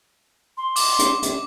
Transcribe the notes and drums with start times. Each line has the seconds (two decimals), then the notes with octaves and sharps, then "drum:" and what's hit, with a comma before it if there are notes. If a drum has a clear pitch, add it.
0.57 C6
0.76 D6, drum: open hi-hat
0.99 drum: hi-hat
1.22 drum: hi-hat